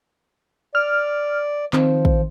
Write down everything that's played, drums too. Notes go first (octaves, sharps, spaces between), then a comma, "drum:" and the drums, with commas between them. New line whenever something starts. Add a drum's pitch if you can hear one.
D5 F6
D#3 F3 C4, drum: clap
drum: kick